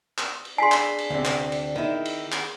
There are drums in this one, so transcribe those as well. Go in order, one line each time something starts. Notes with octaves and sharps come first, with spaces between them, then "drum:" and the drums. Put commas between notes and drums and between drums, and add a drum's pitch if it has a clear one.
drum: clap
drum: cymbal
D4 G#4 G#5 C6 B6 C7
drum: clap
drum: cymbal
D2 C3
drum: clap
drum: cymbal
D#3 E4
drum: cymbal
drum: clap